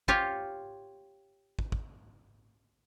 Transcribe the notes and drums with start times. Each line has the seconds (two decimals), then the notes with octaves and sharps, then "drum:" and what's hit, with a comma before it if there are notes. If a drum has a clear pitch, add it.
0.08 F4 G4 C#5 F5, drum: kick
1.59 drum: kick
1.72 drum: kick